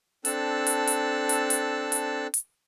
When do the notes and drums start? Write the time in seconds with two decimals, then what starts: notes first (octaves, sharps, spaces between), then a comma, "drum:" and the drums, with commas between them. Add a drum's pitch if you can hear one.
0.25 C4 D4 A4 A5 E6 F#6, drum: hi-hat
0.67 drum: hi-hat
0.87 drum: hi-hat
1.29 drum: hi-hat
1.50 drum: hi-hat
1.92 drum: hi-hat
2.34 drum: hi-hat